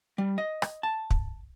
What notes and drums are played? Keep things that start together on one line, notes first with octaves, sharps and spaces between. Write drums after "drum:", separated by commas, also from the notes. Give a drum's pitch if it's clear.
G3
D#5
drum: rim click
A5
drum: kick